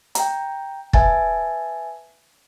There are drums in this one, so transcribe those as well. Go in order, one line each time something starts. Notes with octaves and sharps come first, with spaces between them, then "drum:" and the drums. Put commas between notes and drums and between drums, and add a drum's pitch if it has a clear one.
G5 A#5, drum: hi-hat
B4 E5 G#5 A5 A6, drum: kick